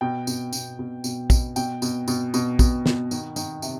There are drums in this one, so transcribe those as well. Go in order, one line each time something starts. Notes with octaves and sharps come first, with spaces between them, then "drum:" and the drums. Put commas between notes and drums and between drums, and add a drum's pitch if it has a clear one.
B2 G5
B2, drum: tambourine
B2, drum: tambourine
B2
B2, drum: tambourine
B2, drum: kick A#1, tambourine
B2 G5, drum: tambourine
B2, drum: tambourine
B2, drum: tambourine
B2, drum: tambourine
B2, drum: kick A#1, tambourine
B2, drum: snare
D#3, drum: tambourine
D#3, drum: tambourine
C3, drum: tambourine